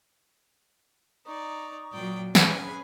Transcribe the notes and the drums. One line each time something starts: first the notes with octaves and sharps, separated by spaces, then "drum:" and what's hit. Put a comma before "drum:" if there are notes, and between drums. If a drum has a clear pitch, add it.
D#4 D5 A#5 C#6 D#6
A#2 F#3 D5 G5
C#4 G#4 B4 G#5, drum: snare